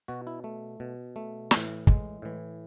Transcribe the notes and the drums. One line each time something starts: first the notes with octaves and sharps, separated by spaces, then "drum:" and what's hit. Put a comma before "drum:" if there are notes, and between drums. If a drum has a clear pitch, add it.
B2 F#4
E4
A3
B2
A3
E3, drum: snare
A2
G#3, drum: kick
A2 E3